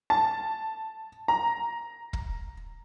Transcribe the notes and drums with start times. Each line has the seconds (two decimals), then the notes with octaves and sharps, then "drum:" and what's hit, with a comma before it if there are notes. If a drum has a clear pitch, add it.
0.10 A5
1.28 A#5
2.13 drum: kick